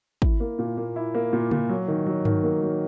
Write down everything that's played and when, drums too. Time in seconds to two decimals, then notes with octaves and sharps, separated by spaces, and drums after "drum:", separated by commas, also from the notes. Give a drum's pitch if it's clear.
0.22 E4, drum: kick
0.40 A#3
0.59 A#2
0.77 A#3
0.96 E4
1.15 A#3
1.33 A#2
1.51 A#2, drum: tom C#3
1.69 F#3
1.88 D#3
2.07 F#3
2.25 D#3, drum: tom G2
2.43 A#3
2.62 F#3